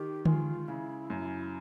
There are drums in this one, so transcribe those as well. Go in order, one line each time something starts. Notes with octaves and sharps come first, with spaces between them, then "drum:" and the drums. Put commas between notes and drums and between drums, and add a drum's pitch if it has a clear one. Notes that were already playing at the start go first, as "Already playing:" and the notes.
Already playing: D#3 G4
G#3 F4, drum: tom D3
C#3 E4
F#2